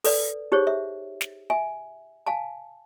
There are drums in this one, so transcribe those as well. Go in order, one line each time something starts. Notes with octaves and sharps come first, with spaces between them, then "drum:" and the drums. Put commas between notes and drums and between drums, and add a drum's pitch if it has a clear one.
A4 B4 D5, drum: open hi-hat
D#4 G4 G#4 C5 C#5
E5
drum: snare
E5 G#5
F5 G#5 A5